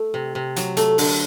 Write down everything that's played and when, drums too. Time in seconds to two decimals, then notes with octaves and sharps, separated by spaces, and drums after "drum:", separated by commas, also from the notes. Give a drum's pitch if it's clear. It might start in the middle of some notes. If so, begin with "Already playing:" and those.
Already playing: A3
0.14 C3
0.35 C3
0.56 F#3, drum: hi-hat
0.77 A3, drum: hi-hat
0.98 D3, drum: open hi-hat